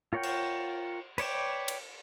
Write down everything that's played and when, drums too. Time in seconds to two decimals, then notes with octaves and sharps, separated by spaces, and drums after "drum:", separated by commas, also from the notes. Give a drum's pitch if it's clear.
0.13 F4 A#4 C#5 F#5 G5
0.23 drum: cymbal
1.18 B4 C#5 D5 G5, drum: cymbal
1.68 drum: cymbal